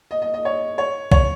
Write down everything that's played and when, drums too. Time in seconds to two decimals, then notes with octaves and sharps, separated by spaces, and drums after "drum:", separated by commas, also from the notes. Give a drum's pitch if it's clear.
0.11 D#5
0.22 D#5
0.34 D#5
0.45 C#5
0.78 C#5
1.12 C#5, drum: kick B1